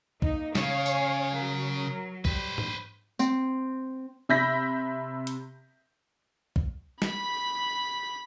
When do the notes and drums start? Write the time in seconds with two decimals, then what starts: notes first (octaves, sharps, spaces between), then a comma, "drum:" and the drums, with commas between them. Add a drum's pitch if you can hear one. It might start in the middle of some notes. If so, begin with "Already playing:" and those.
0.22 A#3 D#4, drum: kick
0.55 C#3 C#5 F5, drum: snare
0.86 G#5, drum: tambourine
1.35 F#3 A#4
2.25 G3 B4 C5, drum: kick
2.58 drum: tom G#2
3.19 C4, drum: tambourine
4.29 C3 E5 B5 G6 A#6 B6
5.27 drum: hi-hat
6.56 drum: kick
7.02 B5 B6, drum: snare